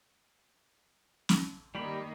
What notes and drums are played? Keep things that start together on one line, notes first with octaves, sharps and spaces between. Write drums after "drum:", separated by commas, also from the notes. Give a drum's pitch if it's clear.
drum: snare
D#3 G3 A#3 G4 B5